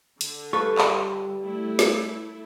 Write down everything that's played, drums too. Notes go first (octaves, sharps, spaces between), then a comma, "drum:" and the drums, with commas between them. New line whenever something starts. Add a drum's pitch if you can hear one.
D3, drum: hi-hat
G3 F4 A4 B4 C#6
drum: clap
A3 E4
drum: snare